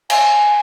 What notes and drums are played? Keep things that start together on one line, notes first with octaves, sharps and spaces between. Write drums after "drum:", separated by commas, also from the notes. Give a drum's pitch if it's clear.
G#5, drum: cymbal